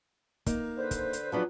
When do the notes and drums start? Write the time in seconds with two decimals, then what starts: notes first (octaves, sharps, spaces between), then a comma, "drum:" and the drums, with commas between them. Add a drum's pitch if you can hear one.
0.46 A#3 D#4, drum: kick, hi-hat
0.78 D3 B4 C5
0.91 drum: kick, hi-hat
1.13 drum: hi-hat
1.32 E2 F3 F#3 B3 D4 B4